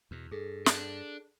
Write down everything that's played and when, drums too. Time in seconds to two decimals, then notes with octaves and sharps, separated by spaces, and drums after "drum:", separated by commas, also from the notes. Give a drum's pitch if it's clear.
0.11 E2 B2
0.31 G2 G#4 A4
0.66 D4, drum: snare